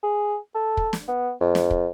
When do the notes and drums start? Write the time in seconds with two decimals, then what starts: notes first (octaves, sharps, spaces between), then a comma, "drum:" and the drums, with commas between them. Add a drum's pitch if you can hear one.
0.03 G#4
0.55 A4
0.77 drum: kick
0.93 drum: snare
1.08 B3
1.41 F2
1.55 drum: snare
1.71 drum: kick